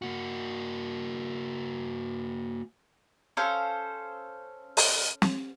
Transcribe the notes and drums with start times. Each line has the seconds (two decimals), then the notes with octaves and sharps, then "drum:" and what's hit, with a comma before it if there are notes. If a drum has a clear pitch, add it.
0.02 A#3 F#4
3.37 C#4 A4 C5 F5
4.77 drum: open hi-hat
5.22 drum: snare